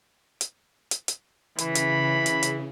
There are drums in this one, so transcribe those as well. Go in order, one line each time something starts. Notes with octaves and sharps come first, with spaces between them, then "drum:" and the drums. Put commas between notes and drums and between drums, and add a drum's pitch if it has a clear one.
drum: hi-hat
drum: hi-hat
drum: hi-hat
C#3 E3 B5, drum: hi-hat
drum: hi-hat
drum: hi-hat
drum: hi-hat